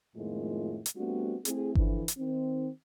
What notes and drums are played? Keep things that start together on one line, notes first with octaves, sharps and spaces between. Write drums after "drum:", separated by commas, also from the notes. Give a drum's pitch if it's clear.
F2 A2 D#3 G#3 A#3 F4
drum: hi-hat
G3 A3 B3 C4 D4 F#4
A3 C4 E4 G#4, drum: hi-hat
D3 E3 F3, drum: kick G1
drum: hi-hat
D#3 C4